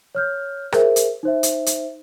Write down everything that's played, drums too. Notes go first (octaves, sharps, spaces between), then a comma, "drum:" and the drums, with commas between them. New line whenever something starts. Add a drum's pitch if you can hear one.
C#5 F6 G6
G#4 A#4 C5 E5, drum: rim click
drum: hi-hat
D#4 C5 E5
drum: hi-hat
drum: hi-hat